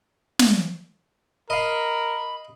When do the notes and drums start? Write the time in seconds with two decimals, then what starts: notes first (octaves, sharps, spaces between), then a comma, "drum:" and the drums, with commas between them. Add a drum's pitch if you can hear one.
0.39 drum: snare
1.50 A#4 D#5 F5 B5